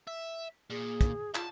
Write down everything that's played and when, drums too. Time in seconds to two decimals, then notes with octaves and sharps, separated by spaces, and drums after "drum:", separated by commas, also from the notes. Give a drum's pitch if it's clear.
0.07 E5
0.70 A#2 G#4
1.01 drum: kick, hi-hat
1.35 F4 A5, drum: clap